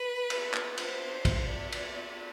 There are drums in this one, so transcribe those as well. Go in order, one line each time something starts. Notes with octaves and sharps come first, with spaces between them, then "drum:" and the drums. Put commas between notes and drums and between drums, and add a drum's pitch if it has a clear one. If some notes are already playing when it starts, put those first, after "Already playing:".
Already playing: B4
drum: cymbal
drum: clap
C5, drum: cymbal
drum: kick, cymbal
D5
drum: cymbal